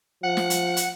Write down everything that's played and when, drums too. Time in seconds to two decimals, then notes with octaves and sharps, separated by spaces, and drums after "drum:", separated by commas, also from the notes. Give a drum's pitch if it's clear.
0.24 F3 F#5
0.37 drum: snare
0.50 drum: hi-hat
0.77 drum: hi-hat